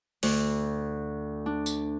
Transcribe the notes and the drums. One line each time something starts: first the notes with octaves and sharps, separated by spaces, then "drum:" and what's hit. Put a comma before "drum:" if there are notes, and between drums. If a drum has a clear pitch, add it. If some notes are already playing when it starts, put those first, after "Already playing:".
D2, drum: open hi-hat
D4
drum: tambourine